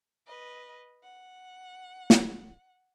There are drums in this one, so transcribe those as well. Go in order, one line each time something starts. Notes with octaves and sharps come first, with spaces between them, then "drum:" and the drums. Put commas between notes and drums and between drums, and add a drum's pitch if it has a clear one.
B4 D#5
F#5
drum: snare